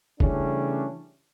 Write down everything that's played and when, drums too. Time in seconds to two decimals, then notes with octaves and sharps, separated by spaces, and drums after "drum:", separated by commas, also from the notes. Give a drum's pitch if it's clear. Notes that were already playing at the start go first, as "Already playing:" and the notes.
0.20 C#3 E3 G3 A3 C#4 D4, drum: kick F#1